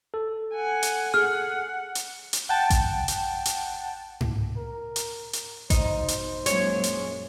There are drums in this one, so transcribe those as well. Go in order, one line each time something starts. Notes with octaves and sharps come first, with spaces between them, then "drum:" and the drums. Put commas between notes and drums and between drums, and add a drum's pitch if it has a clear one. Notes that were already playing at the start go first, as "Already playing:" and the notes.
A4
F#5 G#5
drum: hi-hat
G#4 F#5 F6
drum: hi-hat
drum: hi-hat
F#5 G5 A5
drum: kick A1, hi-hat
drum: hi-hat
drum: hi-hat
drum: tom G#2
A#4
drum: hi-hat
drum: hi-hat
B2 D#4 C5, drum: kick A1, hi-hat
drum: hi-hat
F#2 A#2 G#3 C#5, drum: hi-hat
drum: hi-hat